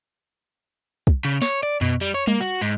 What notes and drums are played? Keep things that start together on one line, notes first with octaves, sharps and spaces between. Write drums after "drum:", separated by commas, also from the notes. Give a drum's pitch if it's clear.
drum: kick
C#3
C#5, drum: snare
D5
B2, drum: tom F2
G3
C#5
A#3, drum: tom G3
F#4
G#2